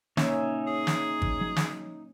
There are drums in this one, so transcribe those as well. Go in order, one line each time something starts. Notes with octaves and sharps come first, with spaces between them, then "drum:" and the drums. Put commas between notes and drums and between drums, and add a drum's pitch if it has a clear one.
A#3 C#4 D#4 C#5 E5, drum: snare
G#4
drum: snare
drum: kick G#1
F#3
drum: snare